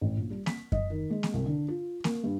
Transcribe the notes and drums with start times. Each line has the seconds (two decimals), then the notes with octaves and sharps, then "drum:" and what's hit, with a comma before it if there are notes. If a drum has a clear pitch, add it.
0.01 A1
0.17 A#1
0.30 G3
0.46 B6, drum: snare A#3
0.72 D#5, drum: kick F#2
0.90 D#3
1.10 G#3
1.23 drum: snare A#3
1.33 C2
1.46 D3
1.68 F4
2.04 A#3, drum: snare A#3
2.24 G2